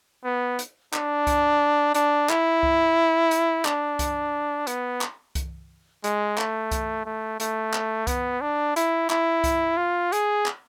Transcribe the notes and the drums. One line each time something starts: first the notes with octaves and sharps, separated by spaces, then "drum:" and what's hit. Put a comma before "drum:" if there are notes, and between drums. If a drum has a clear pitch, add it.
B3
drum: hi-hat
D4, drum: clap
drum: kick C2, hi-hat
D4, drum: hi-hat
E4, drum: clap
drum: kick C2
drum: hi-hat
D4, drum: clap
drum: kick C2, hi-hat
B3, drum: hi-hat
drum: clap
drum: kick C2, hi-hat
G#3, drum: hi-hat
A3, drum: clap
drum: kick C2, hi-hat
A3
A3, drum: hi-hat
drum: clap
B3, drum: kick C2, hi-hat
D4
E4, drum: hi-hat
E4, drum: clap
drum: kick C2, hi-hat
F4
G#4, drum: hi-hat
drum: clap